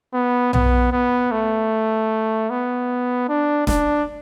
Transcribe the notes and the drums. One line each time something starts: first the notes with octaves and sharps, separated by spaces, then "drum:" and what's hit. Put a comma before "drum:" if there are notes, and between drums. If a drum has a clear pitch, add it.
B3
B3, drum: tom B1
B3
A3
B3
D4
D4, drum: snare